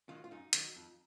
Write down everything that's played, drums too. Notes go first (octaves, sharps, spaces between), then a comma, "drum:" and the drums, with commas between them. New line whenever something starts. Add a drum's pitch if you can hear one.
D#3 F#3 F4
F4
F#2 D#4
D#3 F#3, drum: hi-hat
F2